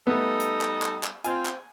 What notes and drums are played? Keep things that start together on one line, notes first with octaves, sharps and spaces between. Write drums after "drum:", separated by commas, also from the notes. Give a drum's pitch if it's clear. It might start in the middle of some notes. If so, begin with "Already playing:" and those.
G3 A3 B3 D#4 A4
drum: hi-hat
drum: clap
drum: clap
drum: clap
C4 F4 G#5, drum: hi-hat
drum: clap